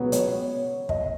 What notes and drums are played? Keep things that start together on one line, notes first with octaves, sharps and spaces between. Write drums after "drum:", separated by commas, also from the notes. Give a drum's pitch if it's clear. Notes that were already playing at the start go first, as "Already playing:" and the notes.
Already playing: C#2 B2 F#3 B3
C#5, drum: hi-hat
D#5, drum: kick